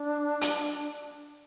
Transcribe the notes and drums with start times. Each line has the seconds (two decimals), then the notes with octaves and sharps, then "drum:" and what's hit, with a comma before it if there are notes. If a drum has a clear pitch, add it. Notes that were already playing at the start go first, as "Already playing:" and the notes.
Already playing: D4
0.41 drum: hi-hat